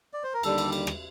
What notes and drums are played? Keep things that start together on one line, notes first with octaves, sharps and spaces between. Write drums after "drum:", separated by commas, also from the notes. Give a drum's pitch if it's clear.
D5
C5
A#4
D#2 D3 G3 A4, drum: cymbal
drum: cymbal
drum: cymbal
drum: rim click